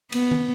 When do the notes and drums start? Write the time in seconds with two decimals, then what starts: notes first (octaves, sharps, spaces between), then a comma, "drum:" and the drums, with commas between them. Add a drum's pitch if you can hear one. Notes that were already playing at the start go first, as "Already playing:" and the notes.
0.12 B3, drum: cymbal
0.31 drum: tom D#3